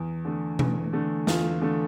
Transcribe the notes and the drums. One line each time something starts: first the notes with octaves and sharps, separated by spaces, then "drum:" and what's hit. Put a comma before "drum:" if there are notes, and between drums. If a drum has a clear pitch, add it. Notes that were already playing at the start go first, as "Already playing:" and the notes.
Already playing: E2
D3 A3
E2, drum: tom B2
D3 A3
E2 F4, drum: snare
D3 A3